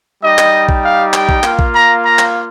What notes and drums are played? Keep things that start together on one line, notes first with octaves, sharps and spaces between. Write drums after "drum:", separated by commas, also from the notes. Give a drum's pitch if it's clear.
G3 D#4 G4 D#5
drum: clap
drum: kick A#1
F5
G5, drum: clap
drum: kick A#1
A#3 F4, drum: clap
drum: kick A#1
A#5
A#5
drum: clap